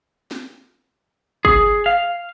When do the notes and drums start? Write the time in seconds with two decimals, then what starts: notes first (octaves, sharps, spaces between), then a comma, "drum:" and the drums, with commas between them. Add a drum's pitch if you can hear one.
0.31 drum: snare
1.45 G#4, drum: kick G1
1.86 F5